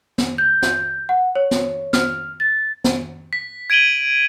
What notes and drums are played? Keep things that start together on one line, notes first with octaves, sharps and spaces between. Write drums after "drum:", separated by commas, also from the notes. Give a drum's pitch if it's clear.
drum: snare
G6
drum: snare
F#5
C#5
drum: snare
F6, drum: snare
A6
drum: snare
B6
G#6 D7 D#7 F#7 G7